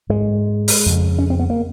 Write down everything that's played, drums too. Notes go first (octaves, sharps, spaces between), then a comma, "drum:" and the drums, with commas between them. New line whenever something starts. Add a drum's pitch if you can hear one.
G#2 G#3
drum: open hi-hat
F2 C#3
C#4
C4
B3
A#3